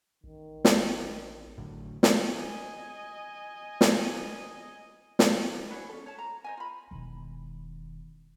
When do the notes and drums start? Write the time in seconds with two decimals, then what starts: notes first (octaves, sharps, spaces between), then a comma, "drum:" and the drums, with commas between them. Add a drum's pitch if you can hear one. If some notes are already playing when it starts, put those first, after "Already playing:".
0.24 A1 D#3
0.65 drum: snare
1.58 G#1 A2 D3 F#3
2.03 drum: snare
2.33 D#5 G#5
3.81 drum: snare
5.19 drum: snare
5.70 E4 F#4 G#4 C#5
5.89 C#4 A4
6.06 C#5 A5
6.19 A#5
6.44 C5 D#5 G#5
6.57 F4 B5
6.91 E1 D#3